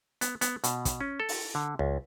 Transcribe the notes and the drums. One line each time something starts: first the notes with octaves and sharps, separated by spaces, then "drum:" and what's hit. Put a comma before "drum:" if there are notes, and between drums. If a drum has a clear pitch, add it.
B3, drum: hi-hat
B3, drum: hi-hat
B2, drum: hi-hat
drum: kick, hi-hat
C#4
A4
drum: open hi-hat
D3
C#2